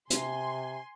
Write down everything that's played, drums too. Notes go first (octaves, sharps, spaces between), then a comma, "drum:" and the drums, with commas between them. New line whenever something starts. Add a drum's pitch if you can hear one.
C3 G#5 C6, drum: hi-hat